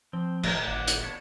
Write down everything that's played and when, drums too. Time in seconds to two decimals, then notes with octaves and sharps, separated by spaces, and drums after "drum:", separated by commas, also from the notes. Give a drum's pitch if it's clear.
0.13 F3 C4
0.43 D1 D#3 A3 D#4 A#4, drum: cymbal
0.67 G#1 D5 F#5
0.88 drum: hi-hat
1.03 B3 D4 C#5